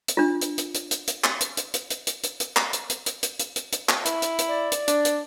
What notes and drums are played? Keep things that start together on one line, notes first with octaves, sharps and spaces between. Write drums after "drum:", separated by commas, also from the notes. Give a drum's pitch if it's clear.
drum: hi-hat
D4 F4
drum: hi-hat
drum: hi-hat
drum: hi-hat
drum: hi-hat
drum: hi-hat
drum: clap
drum: hi-hat
drum: hi-hat
drum: hi-hat
drum: hi-hat
drum: hi-hat
drum: hi-hat
drum: hi-hat
drum: clap
drum: hi-hat
drum: hi-hat
drum: hi-hat
drum: hi-hat
drum: hi-hat
drum: hi-hat
drum: hi-hat
drum: clap
E4, drum: hi-hat
drum: hi-hat
drum: hi-hat
D5
drum: hi-hat
D4, drum: hi-hat
drum: hi-hat